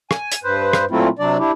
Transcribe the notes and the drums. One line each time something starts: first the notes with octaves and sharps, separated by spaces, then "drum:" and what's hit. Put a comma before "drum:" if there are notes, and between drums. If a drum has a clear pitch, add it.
G#5, drum: rim click
drum: hi-hat
G2 B4 C5
drum: rim click
A#2 F#3 A3 C4 E4 F4
C3 F#3 D4 D5
D4 E4 G4